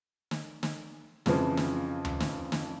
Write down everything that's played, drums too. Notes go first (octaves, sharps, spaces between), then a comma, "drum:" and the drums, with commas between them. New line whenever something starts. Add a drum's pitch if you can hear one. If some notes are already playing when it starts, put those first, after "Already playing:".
drum: snare
drum: snare
F2 C#3 E3 F3, drum: snare
drum: snare
drum: tom D2
drum: snare
drum: snare